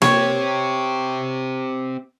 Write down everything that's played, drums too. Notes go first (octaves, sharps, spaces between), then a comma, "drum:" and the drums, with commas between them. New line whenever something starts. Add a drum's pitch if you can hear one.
C4 G4 C#5, drum: snare A#3